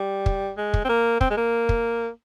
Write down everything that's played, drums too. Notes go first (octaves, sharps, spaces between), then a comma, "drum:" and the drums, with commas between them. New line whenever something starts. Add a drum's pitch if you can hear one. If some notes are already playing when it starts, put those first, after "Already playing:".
Already playing: G3
drum: kick
G#3
drum: kick
C4
A#3
C4, drum: kick
G#3
A#3
drum: kick